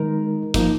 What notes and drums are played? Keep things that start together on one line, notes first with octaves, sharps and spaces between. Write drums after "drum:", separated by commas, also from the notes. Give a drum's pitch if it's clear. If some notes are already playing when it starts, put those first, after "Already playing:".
Already playing: D#3 G#3 D#4 A#4
F3 A#3 D#4, drum: kick, hi-hat